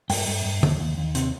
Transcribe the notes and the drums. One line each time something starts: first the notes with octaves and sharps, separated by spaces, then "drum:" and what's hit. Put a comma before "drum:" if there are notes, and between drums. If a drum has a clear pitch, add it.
G2 G5, drum: open hi-hat
G2
G2
D#2, drum: tom
D#2
D#2
C3, drum: hi-hat